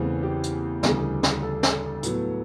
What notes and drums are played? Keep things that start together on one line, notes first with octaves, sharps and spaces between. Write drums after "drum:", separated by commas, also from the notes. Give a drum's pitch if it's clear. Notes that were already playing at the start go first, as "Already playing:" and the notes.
Already playing: E2 C#3 E3 A3 C4 G#4
G4
drum: hi-hat
D2 C#3 E3 G3 G#4, drum: snare
drum: snare
A4
drum: snare
A2 F#3 B3, drum: hi-hat